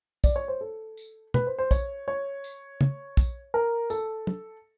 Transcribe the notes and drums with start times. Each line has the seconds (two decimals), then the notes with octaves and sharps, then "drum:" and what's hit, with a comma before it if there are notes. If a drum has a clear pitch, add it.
0.24 D5, drum: kick, tambourine
0.36 C#5
0.48 C5
0.61 A4
0.97 drum: tambourine
1.34 B4, drum: tom
1.47 C5
1.59 C5
1.71 C#5, drum: kick, tambourine
2.08 C#5
2.44 drum: tambourine
2.81 drum: tom
3.17 drum: kick, tambourine
3.54 A#4
3.90 A4, drum: tambourine
4.27 drum: tom